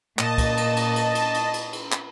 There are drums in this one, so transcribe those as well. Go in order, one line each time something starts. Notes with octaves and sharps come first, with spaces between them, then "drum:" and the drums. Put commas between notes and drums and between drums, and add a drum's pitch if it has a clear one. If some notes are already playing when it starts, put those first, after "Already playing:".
A#2 D#5 A5, drum: clap
drum: kick, cymbal
drum: cymbal
drum: cymbal
drum: cymbal
drum: cymbal
drum: cymbal
drum: cymbal
drum: cymbal
drum: clap